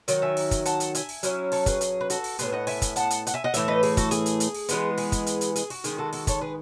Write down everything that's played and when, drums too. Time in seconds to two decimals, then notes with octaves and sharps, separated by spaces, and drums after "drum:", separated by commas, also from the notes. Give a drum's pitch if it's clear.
0.08 D#3 F#3, drum: hi-hat
0.22 E5 G#5
0.37 drum: open hi-hat
0.51 drum: kick, hi-hat
0.65 F#5 A5, drum: hi-hat
0.80 drum: hi-hat
0.95 E5 G#5, drum: hi-hat
1.09 drum: open hi-hat
1.23 F#3 C#4 E4, drum: hi-hat
1.52 A4 C#5, drum: open hi-hat
1.66 G#4 B4, drum: kick, hi-hat
1.81 G#4, drum: hi-hat
2.01 B4
2.10 F#4 A4, drum: hi-hat
2.24 drum: open hi-hat
2.39 A2 G#3 B3 G#4 B4, drum: hi-hat
2.52 D#5 F#5
2.67 E5 G#5, drum: open hi-hat
2.82 drum: kick, hi-hat
2.96 F#5 A5, drum: hi-hat
3.10 drum: hi-hat
3.27 F#5, drum: hi-hat
3.34 E5 G#5
3.44 D#5 F#5
3.54 A2 E3 A3 E5, drum: hi-hat
3.68 B4 D#5
3.83 G#4, drum: open hi-hat
3.97 F#4 A4, drum: kick, hi-hat
4.11 G#4, drum: hi-hat
4.26 drum: hi-hat
4.40 drum: hi-hat
4.54 drum: open hi-hat
4.69 E3 G#3 B3, drum: hi-hat
4.98 G#4, drum: open hi-hat
5.12 drum: kick, hi-hat
5.26 drum: hi-hat
5.41 drum: hi-hat
5.56 G#4, drum: hi-hat
5.70 F#4, drum: open hi-hat
5.84 D#3 G#3 C#4 G#4, drum: hi-hat
5.98 F#4 A4
6.13 F#4 A4, drum: open hi-hat
6.27 A4 C#5, drum: kick, hi-hat
6.41 G#4 B4